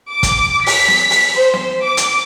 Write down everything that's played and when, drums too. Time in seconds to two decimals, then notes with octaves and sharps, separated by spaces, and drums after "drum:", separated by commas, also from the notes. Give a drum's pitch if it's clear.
0.13 D6
0.23 drum: kick, hi-hat
0.66 B6, drum: open hi-hat
0.88 drum: snare
1.10 drum: open hi-hat
1.36 C5
1.54 drum: snare
1.82 D6
1.97 drum: hi-hat